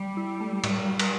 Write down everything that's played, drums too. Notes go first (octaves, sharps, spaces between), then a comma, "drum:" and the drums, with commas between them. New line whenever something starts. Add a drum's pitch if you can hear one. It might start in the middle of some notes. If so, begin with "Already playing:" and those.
Already playing: G3
E4
A3
A2, drum: cymbal
F#3
drum: cymbal